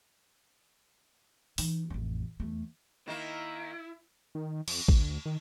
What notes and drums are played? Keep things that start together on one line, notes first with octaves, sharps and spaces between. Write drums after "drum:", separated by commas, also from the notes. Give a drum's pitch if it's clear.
E3 D#4, drum: open hi-hat
A1 F2
E2 A3
D#3 A#3 E4
D#3
F2, drum: cymbal
D2, drum: kick A1
D#3